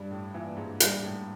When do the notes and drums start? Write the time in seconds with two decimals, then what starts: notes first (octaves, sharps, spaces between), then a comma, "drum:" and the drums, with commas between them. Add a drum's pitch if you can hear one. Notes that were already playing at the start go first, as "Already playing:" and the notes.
Already playing: G2 G3
0.11 A2
0.34 A#2 E3
0.56 G#2
0.80 G#2 G3, drum: hi-hat
1.02 A2